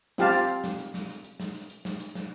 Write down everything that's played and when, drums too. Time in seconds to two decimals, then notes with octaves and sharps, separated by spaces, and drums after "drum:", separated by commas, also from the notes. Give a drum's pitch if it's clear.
0.18 C4 F4 G4 F5 A5, drum: snare
0.33 drum: hi-hat
0.49 drum: hi-hat
0.64 drum: snare
0.79 drum: hi-hat
0.94 drum: snare
1.09 drum: hi-hat
1.24 drum: hi-hat
1.40 drum: snare
1.55 drum: hi-hat
1.70 drum: hi-hat
1.85 drum: snare
2.00 drum: hi-hat
2.15 drum: snare